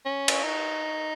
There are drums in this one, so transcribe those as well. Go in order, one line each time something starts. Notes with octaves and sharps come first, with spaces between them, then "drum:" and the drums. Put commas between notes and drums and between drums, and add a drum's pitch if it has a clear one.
C#4
drum: cymbal
D#4